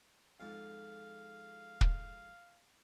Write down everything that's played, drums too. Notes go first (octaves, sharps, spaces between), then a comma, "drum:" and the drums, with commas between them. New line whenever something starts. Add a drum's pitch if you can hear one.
F2 G#2 F5
drum: kick